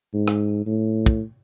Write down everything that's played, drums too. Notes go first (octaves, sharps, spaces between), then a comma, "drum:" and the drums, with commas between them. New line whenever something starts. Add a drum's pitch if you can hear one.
G#2
drum: rim click
A2
drum: kick